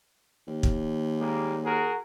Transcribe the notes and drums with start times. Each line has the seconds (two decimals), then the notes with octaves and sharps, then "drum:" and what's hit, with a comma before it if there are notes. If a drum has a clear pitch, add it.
0.47 D#2
0.63 drum: kick
1.19 G3 G#3 A#3
1.65 F#4 G#4 A#4